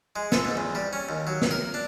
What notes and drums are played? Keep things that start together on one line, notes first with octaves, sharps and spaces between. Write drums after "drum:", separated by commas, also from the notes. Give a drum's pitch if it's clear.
G#3
A4, drum: snare
G#2
E2
G3
C#4
D#2
F#3
drum: snare
A#4
D4